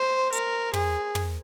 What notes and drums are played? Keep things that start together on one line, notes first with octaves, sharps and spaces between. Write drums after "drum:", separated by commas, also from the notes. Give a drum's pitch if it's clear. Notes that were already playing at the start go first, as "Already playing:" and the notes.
Already playing: C5
A#4, drum: hi-hat
G#4, drum: tom
drum: tom